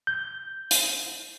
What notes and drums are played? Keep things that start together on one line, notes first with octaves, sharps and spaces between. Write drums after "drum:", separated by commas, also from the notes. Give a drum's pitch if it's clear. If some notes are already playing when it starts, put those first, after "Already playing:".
G6
drum: hi-hat